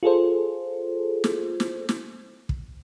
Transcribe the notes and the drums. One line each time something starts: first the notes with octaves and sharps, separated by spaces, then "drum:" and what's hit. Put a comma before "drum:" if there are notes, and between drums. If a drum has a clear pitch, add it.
F4 G#4 A4 C5
drum: snare
drum: snare
drum: snare
drum: kick